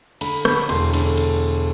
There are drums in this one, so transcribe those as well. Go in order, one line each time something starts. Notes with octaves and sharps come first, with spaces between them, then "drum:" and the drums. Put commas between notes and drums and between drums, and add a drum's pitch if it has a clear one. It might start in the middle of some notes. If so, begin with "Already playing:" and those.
D3 B5, drum: cymbal
D3 B5, drum: rim click
E1 C6, drum: cymbal
D3, drum: cymbal
drum: cymbal